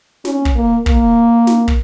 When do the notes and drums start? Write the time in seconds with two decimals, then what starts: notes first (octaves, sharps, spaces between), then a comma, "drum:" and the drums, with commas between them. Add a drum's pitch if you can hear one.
0.25 C#4, drum: snare
0.45 drum: kick
0.55 A#3
0.86 A#3, drum: kick
1.47 drum: snare
1.68 drum: kick